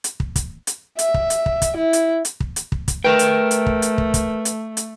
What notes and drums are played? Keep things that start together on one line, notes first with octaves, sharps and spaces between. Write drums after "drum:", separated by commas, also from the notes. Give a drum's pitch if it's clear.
drum: hi-hat
drum: kick
drum: kick, hi-hat
drum: hi-hat
E5, drum: hi-hat
drum: kick
drum: hi-hat
drum: kick
drum: kick, hi-hat
E4
drum: hi-hat
drum: hi-hat
drum: kick
drum: hi-hat
drum: kick
drum: kick, hi-hat
A3 A#4 B4 G5
drum: hi-hat
drum: hi-hat
drum: kick
drum: hi-hat
drum: kick
drum: kick, hi-hat
drum: hi-hat
drum: hi-hat